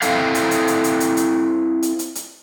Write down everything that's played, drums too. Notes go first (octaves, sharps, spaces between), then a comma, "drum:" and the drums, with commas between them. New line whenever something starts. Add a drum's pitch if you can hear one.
C4 E4 A4 F5, drum: hi-hat
drum: hi-hat
drum: hi-hat
drum: hi-hat
drum: hi-hat
drum: hi-hat
drum: hi-hat
drum: hi-hat
drum: hi-hat
drum: hi-hat